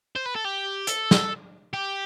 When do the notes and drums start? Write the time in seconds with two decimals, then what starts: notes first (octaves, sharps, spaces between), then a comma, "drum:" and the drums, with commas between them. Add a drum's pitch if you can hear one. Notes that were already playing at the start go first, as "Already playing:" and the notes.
0.16 C5
0.26 B4
0.35 A4
0.44 G4
0.87 A4, drum: hi-hat
1.11 drum: snare
1.74 G4